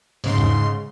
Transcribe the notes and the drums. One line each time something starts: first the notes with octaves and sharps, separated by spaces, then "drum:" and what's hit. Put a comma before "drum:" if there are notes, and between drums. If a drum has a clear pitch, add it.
G#2 C#3 C6, drum: open hi-hat
drum: tom